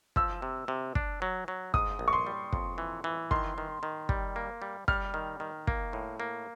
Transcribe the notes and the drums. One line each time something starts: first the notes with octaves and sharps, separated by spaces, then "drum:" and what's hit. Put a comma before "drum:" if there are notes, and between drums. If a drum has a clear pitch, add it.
F3 E6, drum: kick
C3
C3
D4, drum: kick
F#3
F#3
G#2 D#6, drum: kick
A#1
C#6
C6
G3
F2, drum: kick
E3
E3
D#3 C6, drum: kick
D#3
D#3
G3, drum: kick
A#3
G3
G3 F6, drum: kick
D#3
D#3
A#3, drum: kick
A2
A#3